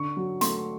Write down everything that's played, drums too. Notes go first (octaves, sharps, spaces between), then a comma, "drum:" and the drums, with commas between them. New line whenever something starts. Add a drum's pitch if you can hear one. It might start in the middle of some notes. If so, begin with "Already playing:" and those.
Already playing: D3 C#6
F#3
A3 C6, drum: hi-hat